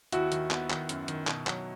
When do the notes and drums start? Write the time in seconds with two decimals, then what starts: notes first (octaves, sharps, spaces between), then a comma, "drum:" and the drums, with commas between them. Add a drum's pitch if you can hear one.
0.12 D#2 E4 F#4, drum: hi-hat
0.32 D#3, drum: hi-hat
0.51 B3, drum: clap
0.70 D#3, drum: clap
0.89 F#2, drum: hi-hat
1.08 D#3, drum: hi-hat
1.27 B2, drum: clap
1.47 F#3, drum: clap